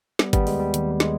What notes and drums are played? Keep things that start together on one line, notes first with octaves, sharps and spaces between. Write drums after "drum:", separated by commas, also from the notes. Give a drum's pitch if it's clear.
G3 B3, drum: snare
G3 B3, drum: kick G#1, hi-hat
D#3
G#3, drum: open hi-hat
D#2 G3
D#2, drum: hi-hat
G3
G#3, drum: snare